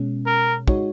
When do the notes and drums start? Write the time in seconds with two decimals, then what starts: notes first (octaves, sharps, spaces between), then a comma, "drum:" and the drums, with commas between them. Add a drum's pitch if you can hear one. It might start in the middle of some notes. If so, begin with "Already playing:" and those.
Already playing: B2 G#3 C#4
0.26 A#4
0.68 G#3 D#4 F#4 C#5, drum: kick